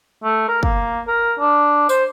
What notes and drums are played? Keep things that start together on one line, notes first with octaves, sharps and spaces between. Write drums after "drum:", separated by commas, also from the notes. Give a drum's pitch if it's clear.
A3
A#4
A#3, drum: kick
A#4
D4
C5, drum: tambourine